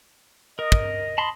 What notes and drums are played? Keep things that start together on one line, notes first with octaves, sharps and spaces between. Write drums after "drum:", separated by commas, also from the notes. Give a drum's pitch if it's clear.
A#4 D#5
drum: kick
A5 B5 C6